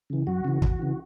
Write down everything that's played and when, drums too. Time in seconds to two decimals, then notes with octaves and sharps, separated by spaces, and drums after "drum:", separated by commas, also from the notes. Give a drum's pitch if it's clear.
0.10 C#3 E3
0.27 F#2 F#4
0.45 C#3 E3
0.62 E2, drum: kick
0.79 C#3 E3